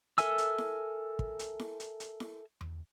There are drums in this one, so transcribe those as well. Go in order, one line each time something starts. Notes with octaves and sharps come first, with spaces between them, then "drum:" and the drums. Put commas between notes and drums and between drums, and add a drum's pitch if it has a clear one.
A4 A#4 E5 G#5 E6, drum: hi-hat
drum: hi-hat
drum: snare E4
drum: kick
drum: hi-hat
drum: snare E4
drum: hi-hat
drum: hi-hat
drum: snare E4
drum: tom E2